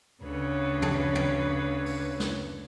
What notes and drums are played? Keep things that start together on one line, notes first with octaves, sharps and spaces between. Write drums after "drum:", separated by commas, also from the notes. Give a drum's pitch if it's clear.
D2 C#3 B4 C#5
drum: tom
drum: tom
drum: open hi-hat
drum: snare